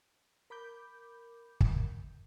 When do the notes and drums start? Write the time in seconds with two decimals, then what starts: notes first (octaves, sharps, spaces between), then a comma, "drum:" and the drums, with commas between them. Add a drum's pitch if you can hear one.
0.50 A#4 B5 D6 G6
1.60 drum: kick